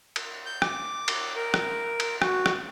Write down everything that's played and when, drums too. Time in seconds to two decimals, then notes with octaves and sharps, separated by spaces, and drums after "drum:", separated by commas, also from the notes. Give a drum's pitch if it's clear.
0.16 drum: cymbal
0.46 G6
0.62 D6, drum: rim click
1.08 drum: cymbal
1.36 A#4
1.54 drum: rim click
2.00 drum: cymbal
2.22 F#4, drum: rim click
2.46 drum: rim click